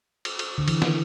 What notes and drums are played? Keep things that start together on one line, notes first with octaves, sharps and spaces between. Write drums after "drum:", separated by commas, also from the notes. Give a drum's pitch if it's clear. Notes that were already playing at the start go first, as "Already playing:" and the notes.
drum: cymbal
drum: cymbal
D3
E3, drum: cymbal
drum: snare